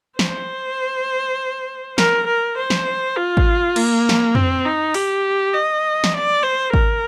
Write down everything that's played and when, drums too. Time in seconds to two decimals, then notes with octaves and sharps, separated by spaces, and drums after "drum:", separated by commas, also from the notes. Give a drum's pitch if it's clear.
0.19 C5, drum: snare
1.98 A#4, drum: snare
2.27 A#4
2.57 C5
2.70 drum: snare
3.17 F4
3.37 drum: kick G#1
3.76 A#3, drum: cymbal
4.09 drum: snare
4.35 C4, drum: tom F2
4.66 D#4
4.94 G4, drum: open hi-hat
5.54 D#5
6.04 drum: snare
6.14 D5
6.43 C5
6.74 A#4, drum: kick G#1